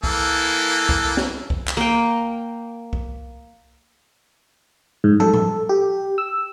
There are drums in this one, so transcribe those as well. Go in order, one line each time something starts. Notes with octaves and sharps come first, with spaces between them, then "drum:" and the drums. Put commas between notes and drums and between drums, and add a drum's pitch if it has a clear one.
E3 A#3 A4, drum: kick C2
drum: kick C2
drum: snare
drum: kick C2
drum: clap
A#3 G5
drum: kick C2
G#2
A4, drum: tom
drum: tom A2
G4
E6